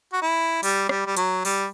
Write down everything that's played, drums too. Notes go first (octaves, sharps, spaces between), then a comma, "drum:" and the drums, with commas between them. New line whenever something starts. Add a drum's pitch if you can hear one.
F#4
E4
G3, drum: open hi-hat
G3, drum: rim click
G3
F#3, drum: hi-hat
G3, drum: open hi-hat